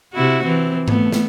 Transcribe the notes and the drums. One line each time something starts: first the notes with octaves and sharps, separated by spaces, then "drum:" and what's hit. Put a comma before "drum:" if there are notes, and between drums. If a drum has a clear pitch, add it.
C3 E4 F#4
E3 C4
A3 B3, drum: tom G#2
drum: snare